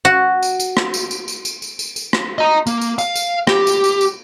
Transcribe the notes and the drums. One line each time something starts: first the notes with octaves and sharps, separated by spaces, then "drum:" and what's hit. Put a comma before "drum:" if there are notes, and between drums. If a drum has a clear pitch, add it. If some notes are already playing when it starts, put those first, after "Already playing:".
F#4
drum: tambourine
drum: tambourine
drum: rim click
drum: tambourine
drum: tambourine
drum: tambourine
drum: tambourine
drum: tambourine
drum: tambourine
drum: tambourine
drum: rim click
D#5 A#5
A#3, drum: tambourine
drum: tambourine
F5, drum: tambourine
drum: tambourine
G4, drum: rim click
drum: tambourine
drum: tambourine
drum: tambourine